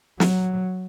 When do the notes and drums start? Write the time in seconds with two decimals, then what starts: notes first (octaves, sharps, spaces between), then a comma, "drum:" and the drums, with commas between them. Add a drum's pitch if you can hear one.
0.20 F#3, drum: snare